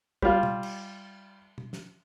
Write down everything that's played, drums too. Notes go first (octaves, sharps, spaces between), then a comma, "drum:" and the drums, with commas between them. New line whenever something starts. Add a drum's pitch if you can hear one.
G3 F4, drum: kick
drum: tom
drum: cymbal
drum: tom
drum: snare